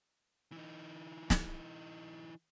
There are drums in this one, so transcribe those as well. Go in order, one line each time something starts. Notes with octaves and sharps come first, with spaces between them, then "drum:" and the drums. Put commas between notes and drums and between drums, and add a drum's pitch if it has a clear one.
E3 D#4
drum: snare